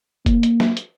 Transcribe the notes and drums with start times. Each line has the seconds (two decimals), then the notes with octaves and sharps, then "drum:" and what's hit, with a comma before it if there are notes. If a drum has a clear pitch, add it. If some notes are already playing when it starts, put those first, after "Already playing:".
0.26 A#3, drum: kick, hi-hat
0.43 drum: hi-hat
0.60 drum: snare
0.77 drum: hi-hat